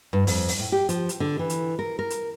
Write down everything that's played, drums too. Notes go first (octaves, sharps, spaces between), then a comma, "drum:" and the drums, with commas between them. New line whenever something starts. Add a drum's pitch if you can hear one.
G2
F2, drum: open hi-hat
drum: open hi-hat
A2
G4
F3, drum: hi-hat
drum: hi-hat
D3
E3
drum: hi-hat
A#4
A#4
drum: hi-hat